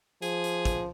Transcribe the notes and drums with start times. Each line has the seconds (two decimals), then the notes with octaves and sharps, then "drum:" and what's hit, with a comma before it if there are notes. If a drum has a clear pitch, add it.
0.22 F3 G#4, drum: hi-hat
0.44 drum: hi-hat
0.65 drum: kick, hi-hat